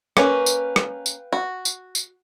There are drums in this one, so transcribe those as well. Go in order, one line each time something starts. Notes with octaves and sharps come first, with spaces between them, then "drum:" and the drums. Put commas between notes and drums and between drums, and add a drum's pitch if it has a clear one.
A#3 C#4 B4 F5 G5, drum: rim click
drum: tambourine
drum: rim click
drum: tambourine
F#4
drum: tambourine
drum: tambourine